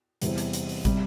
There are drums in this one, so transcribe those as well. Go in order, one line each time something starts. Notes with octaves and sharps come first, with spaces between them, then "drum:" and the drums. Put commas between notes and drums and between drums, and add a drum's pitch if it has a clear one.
E2 C3 G3 C4 E4, drum: hi-hat
drum: hi-hat
drum: hi-hat
drum: open hi-hat
C3 G3, drum: kick, hi-hat